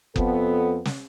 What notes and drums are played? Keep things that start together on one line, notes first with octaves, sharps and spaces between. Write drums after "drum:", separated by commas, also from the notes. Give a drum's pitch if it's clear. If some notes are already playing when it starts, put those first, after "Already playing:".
F2 B3 A4, drum: kick F#1
drum: snare